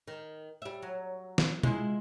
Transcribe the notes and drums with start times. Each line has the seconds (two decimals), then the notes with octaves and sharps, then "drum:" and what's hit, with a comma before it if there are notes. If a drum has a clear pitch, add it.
0.08 D#3
0.62 G3 E5
0.83 F#3
1.38 drum: snare
1.63 G#3 E4 F4, drum: tom